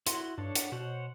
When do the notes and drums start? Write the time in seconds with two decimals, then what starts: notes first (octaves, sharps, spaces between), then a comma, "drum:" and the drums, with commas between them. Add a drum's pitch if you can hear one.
0.07 E4 F#4 C6, drum: hi-hat
0.38 G2 D4 A4 C#5
0.55 F#5, drum: hi-hat
0.72 B2 C5 C#5 F#5